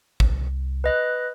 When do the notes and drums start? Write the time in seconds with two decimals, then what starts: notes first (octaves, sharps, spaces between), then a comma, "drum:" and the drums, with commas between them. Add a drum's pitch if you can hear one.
0.20 C2, drum: kick
0.84 B4 D#5 F#6